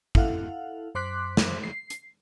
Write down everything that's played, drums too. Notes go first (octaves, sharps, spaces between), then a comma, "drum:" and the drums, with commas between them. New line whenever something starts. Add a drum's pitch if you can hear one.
E4 A4 F5 F#5, drum: kick
F#2 C5 C6 D6 F#6 B6
drum: snare
C7
drum: hi-hat